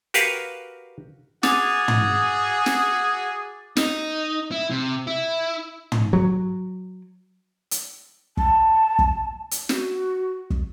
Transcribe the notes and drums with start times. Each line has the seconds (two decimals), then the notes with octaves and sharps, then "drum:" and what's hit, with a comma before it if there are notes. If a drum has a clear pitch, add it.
0.14 F#4 G4 A#4 B4 F5 G#5, drum: hi-hat
1.43 F#4 G#4 D6 A6 F7, drum: snare
1.88 drum: tom
2.66 drum: snare
3.77 D#4, drum: snare
4.52 E4
4.71 C3
5.07 E4
5.92 drum: tom
6.13 F#3
7.71 drum: hi-hat
8.37 A5, drum: kick
8.99 drum: kick
9.51 drum: hi-hat
9.69 F#4, drum: snare
10.50 drum: kick